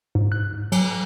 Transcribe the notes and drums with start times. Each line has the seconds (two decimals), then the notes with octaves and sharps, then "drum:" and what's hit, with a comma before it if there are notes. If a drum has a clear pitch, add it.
0.15 G#2
0.32 F#6
0.72 F#3, drum: cymbal